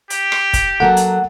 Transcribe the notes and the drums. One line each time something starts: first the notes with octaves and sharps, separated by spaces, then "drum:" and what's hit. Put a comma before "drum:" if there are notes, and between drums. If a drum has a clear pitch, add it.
G4, drum: hi-hat
drum: rim click
drum: kick, hi-hat
F#3 A#3 A4 F#5
drum: hi-hat